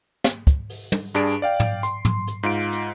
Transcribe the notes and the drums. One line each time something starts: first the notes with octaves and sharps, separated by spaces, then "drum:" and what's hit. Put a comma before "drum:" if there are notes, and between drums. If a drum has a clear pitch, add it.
drum: snare
drum: kick, hi-hat
drum: open hi-hat
drum: tom
G2 D4 G#4 D7, drum: hi-hat
D5 F5 G5
drum: tom
C6, drum: hi-hat
drum: tom
drum: hi-hat
G#2 F4 D7
drum: hi-hat